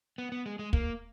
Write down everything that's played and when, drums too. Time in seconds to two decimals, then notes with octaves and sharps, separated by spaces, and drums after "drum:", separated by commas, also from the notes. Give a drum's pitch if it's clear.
0.18 B3
0.32 B3
0.46 G#3
0.59 G#3
0.73 A#3, drum: kick